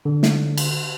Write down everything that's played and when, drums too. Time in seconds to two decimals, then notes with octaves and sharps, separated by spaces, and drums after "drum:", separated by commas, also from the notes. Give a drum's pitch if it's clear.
0.05 D3
0.23 drum: snare
0.58 drum: cymbal